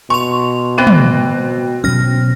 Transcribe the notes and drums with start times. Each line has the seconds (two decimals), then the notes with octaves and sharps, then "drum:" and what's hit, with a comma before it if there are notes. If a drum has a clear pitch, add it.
0.10 B2 C6 C#6 F7
0.78 B3 C4 F#4 F#6 D#7
0.87 drum: tom
1.84 B2 F#3 C#4 F6 A#6